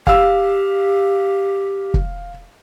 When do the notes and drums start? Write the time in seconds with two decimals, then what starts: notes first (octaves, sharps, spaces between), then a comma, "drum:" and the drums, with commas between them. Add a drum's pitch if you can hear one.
0.07 G4 F5 E6, drum: kick
1.94 drum: kick